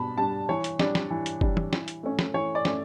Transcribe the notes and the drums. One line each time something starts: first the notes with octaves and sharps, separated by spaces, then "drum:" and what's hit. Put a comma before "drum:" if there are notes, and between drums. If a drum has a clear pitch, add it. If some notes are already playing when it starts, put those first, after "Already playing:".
Already playing: B2 G3 D4 A5 B5
G3 D4 A5
E3 C#5
drum: hi-hat
G3 D4 D5, drum: snare
drum: snare
E3
drum: hi-hat
G3 D4, drum: kick
drum: tom
E3, drum: snare
drum: hi-hat
A3 C#4
drum: snare
E3 C#5
D5
A3 C#4, drum: snare